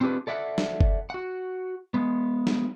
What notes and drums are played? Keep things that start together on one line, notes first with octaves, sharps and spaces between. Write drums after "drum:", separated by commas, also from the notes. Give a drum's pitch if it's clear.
C4 D4 F4 G4 B4
A4 D5 E5 F#5
drum: snare
drum: kick
F#4 F#5
G#3 B3
drum: snare